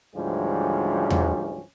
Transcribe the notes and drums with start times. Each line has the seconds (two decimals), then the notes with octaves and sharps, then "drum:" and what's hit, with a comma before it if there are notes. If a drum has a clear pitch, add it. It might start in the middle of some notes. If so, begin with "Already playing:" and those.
0.15 D2 G#2 E3 F3 G3 C#4
1.10 drum: tom E2